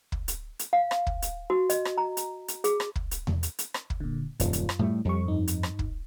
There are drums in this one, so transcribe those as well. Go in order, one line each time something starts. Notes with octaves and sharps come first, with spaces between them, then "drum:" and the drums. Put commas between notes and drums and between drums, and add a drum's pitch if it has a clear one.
drum: kick
drum: hi-hat
drum: hi-hat
F5
drum: rim click
drum: kick
drum: hi-hat
F#4
D#5, drum: hi-hat
drum: rim click
A#5
drum: hi-hat
drum: hi-hat
G#4, drum: hi-hat
drum: rim click
drum: kick
drum: hi-hat
drum: tom E2
drum: hi-hat
drum: hi-hat
drum: rim click
drum: kick
A#2 D3
D#1 F#2 F4, drum: hi-hat
drum: hi-hat
drum: rim click
A2 G3 A3
F2 G3 C#6
G2 D#4
drum: hi-hat
drum: rim click
drum: kick